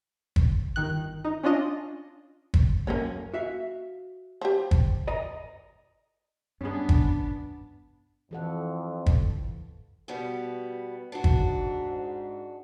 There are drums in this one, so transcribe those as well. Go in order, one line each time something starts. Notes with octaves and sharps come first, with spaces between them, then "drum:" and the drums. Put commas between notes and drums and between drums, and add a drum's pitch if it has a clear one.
drum: kick
G1 D#3 F#6
D#4
C#4 D4 F4 D#5
drum: kick
F#2 A#3 C#4 A4 C#5
F#4 E5 F5
F3 G4
drum: kick
D5 D#5 A#5
G2 B3 C#4 D4 G#4
drum: kick
F2 E3 A4 F#5
drum: kick
B2 G3 B3 B4
G#2 D4 F#4
drum: kick